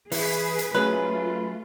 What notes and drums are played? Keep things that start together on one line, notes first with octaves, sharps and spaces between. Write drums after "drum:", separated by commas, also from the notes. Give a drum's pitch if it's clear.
E3 G#4 B4, drum: open hi-hat
drum: hi-hat
F#3 A3 C#4 F4 G#4 B4